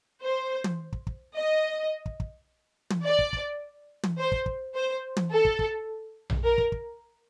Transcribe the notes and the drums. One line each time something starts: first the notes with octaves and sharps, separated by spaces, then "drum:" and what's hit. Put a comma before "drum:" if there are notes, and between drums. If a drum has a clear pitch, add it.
C5
drum: tom
drum: kick
drum: kick
D#5
drum: kick
drum: kick
drum: tom
D5
drum: kick
drum: kick
drum: tom
C5
drum: kick
drum: kick
C5
drum: tom
A4
drum: kick
drum: kick
drum: tom A#1
A#4
drum: kick
drum: kick